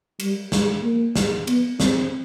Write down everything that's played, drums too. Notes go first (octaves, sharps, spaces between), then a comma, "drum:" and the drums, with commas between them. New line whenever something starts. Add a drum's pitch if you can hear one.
G3, drum: cymbal
G#3, drum: snare
A#3
drum: snare
B3, drum: cymbal
C4, drum: snare